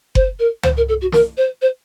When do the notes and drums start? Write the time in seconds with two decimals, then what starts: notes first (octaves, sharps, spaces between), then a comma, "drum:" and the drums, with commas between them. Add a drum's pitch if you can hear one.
0.15 C5, drum: kick F#1
0.39 A#4
0.63 C5, drum: tom
0.77 A#4
0.88 A4
1.01 F#4
1.12 A#4, drum: snare
1.37 C5
1.61 C5